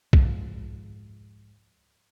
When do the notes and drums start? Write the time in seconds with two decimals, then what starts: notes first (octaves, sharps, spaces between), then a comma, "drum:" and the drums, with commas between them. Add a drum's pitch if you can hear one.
0.13 G#2 F3, drum: kick B1